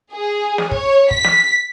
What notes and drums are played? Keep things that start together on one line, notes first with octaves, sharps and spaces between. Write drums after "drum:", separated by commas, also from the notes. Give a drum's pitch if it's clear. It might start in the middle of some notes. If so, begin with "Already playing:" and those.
G#4
drum: snare
C#5, drum: kick
B6, drum: kick
drum: snare